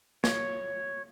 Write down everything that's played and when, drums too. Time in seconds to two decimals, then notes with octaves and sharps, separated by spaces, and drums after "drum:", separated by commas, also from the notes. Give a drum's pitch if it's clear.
0.24 C#5, drum: snare